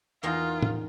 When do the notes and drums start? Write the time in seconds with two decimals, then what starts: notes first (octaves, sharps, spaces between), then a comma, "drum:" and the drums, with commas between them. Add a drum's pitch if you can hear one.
0.23 E2 A#3 D#4 F4
0.62 drum: tom A2